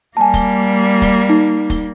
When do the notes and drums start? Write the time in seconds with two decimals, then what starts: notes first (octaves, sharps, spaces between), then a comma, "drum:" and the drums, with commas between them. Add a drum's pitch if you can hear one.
0.17 G3 A#3 G#5 A5
0.34 drum: kick, open hi-hat
1.02 drum: kick, open hi-hat
1.29 D#4
1.70 drum: kick, open hi-hat